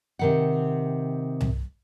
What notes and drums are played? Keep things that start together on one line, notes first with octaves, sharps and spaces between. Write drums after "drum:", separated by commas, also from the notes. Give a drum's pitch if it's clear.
C3 D#3 F#5
drum: tom C2